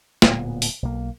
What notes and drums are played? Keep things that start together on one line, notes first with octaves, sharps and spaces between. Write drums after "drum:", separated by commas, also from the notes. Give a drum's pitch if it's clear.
D1 A#2 B3, drum: snare
drum: open hi-hat
B1 A#3